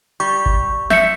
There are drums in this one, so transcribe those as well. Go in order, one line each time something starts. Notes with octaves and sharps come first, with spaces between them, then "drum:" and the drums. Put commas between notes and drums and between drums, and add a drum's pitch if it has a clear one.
G3 C#6
drum: kick G1
E5 G6 C#7, drum: snare